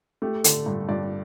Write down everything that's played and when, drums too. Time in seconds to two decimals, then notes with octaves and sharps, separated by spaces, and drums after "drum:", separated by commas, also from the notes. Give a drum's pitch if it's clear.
0.22 A3 G4
0.44 D3 A4, drum: hi-hat
0.66 G2
0.89 G2 D5